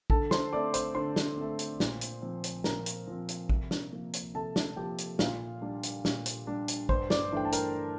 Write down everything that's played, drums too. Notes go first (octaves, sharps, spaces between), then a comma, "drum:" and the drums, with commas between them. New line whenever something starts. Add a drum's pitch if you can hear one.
D3 A4 A5, drum: kick
C5 C6, drum: snare
A3 C4 D5 D6
C5 C6, drum: hi-hat
D3 C5 C6
drum: snare
A3 C4
drum: hi-hat
A#2, drum: snare
drum: hi-hat
F3 C4
drum: hi-hat
A#2 A#4 A#5, drum: snare
drum: hi-hat
F3 C4
drum: hi-hat
C3, drum: kick
drum: snare
F3 A#3
drum: hi-hat
C3 A4 A5
drum: snare
F3 A#3 G4 G5
drum: hi-hat
A#2 F4 F5, drum: snare
G3 D4
drum: hi-hat
A#2, drum: snare
drum: hi-hat
G3 D4
drum: hi-hat
G2 C5 C6, drum: kick
D5 D6, drum: snare
E3 A3 D4 G5
A5
A#4 A#5, drum: hi-hat